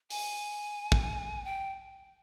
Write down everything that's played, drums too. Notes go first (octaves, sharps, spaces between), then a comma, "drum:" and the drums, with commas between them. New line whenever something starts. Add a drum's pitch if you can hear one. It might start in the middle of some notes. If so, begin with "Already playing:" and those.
G#5, drum: open hi-hat
drum: kick
G5